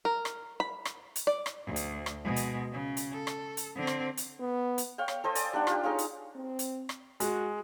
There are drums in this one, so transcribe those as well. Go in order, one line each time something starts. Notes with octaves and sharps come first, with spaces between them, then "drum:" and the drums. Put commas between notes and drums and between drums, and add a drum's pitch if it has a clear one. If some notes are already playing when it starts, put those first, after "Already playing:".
A#4
drum: rim click
B5
drum: rim click
drum: hi-hat
D5
drum: rim click
D2
drum: hi-hat
drum: rim click
B2 G#3
drum: hi-hat
C#3
drum: hi-hat
A4
drum: rim click
drum: hi-hat
D3 C4
drum: rim click
drum: hi-hat
B3
drum: hi-hat
C#5 F5 G5
drum: rim click
A4 C5 D#5 G5
D5 G#5, drum: hi-hat
G3 D4 D#4 F#5
F4 G4, drum: rim click
D#4 G#4 C#5 F5
drum: hi-hat
C4
drum: hi-hat
drum: rim click
G#3 F#4, drum: hi-hat